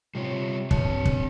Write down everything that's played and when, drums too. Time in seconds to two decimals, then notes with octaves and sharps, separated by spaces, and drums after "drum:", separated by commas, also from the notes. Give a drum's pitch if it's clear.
0.15 C3 G3 F4 C#5
0.71 G2 C4 C#5, drum: kick
1.05 drum: kick